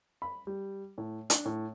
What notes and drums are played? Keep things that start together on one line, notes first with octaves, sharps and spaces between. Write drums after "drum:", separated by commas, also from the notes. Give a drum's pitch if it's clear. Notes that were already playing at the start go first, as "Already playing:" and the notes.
B5
G3
A2
D4, drum: hi-hat
A2